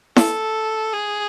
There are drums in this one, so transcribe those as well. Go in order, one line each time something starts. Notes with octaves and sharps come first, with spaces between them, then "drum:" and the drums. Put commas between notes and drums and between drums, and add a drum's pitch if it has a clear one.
A4, drum: snare E4
G#4